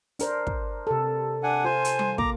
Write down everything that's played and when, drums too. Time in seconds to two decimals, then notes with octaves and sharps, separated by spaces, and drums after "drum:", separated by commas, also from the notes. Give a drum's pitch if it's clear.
0.19 D4 A#4 C5, drum: hi-hat
0.47 drum: kick
0.87 C3 A4
1.43 D4 F#5 G#5
1.65 F4 C5 G#5
1.85 drum: hi-hat
1.99 drum: tom G3
2.18 A#3 A#5 D6, drum: kick